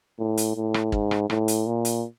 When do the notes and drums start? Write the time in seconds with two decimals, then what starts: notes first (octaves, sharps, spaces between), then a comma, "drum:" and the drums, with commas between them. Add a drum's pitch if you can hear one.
0.19 A2
0.37 drum: hi-hat
0.55 A2
0.74 drum: rim click
0.92 G#2, drum: kick
1.11 drum: rim click
1.30 A2, drum: rim click
1.48 drum: hi-hat
1.66 A#2
1.85 drum: hi-hat